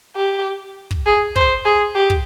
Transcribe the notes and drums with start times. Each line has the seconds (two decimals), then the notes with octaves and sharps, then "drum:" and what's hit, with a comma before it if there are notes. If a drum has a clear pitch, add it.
0.16 G4
0.91 drum: kick
1.06 G#4
1.36 C5, drum: kick
1.65 G#4
1.95 G4
2.10 drum: kick